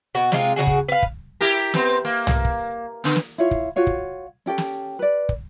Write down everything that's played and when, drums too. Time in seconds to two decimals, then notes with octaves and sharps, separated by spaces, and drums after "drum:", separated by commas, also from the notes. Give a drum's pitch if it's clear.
0.15 B2 F#4
0.32 C3 G#3 F4 F5, drum: snare
0.56 C#3 F#3 F#4 G#4
0.67 drum: kick
0.88 B4 F5
1.03 drum: kick
1.41 E4 G4 A#4
1.74 B3 C4, drum: snare
2.05 A#3
2.27 drum: tom
2.45 drum: kick
3.04 D3 B3
3.16 drum: snare
3.38 E4 F4 C#5 F5
3.51 drum: kick
3.76 F4 F#4 C#5 F5
3.87 drum: kick
4.46 C#4 G4 A4 G5
4.58 drum: snare
4.99 B4 D5
5.29 drum: kick